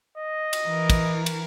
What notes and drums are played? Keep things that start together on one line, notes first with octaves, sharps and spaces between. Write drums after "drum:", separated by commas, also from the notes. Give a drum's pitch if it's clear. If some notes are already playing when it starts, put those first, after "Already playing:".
D#5
drum: cymbal
E3 A#4
drum: kick, cymbal
drum: cymbal